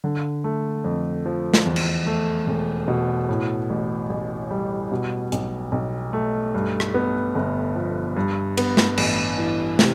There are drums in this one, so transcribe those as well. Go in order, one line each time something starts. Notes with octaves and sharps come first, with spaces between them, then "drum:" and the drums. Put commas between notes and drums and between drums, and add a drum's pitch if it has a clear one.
D3
A3
F2
F3
drum: snare
E2
drum: cymbal
A3
E1
B2
A2
A1
A1
G3
B2
B1, drum: hi-hat
B1
A3
G2
drum: rim click
B3
G1
F3
G2
B3, drum: cymbal
drum: snare
A1, drum: cymbal
E3
C3, drum: snare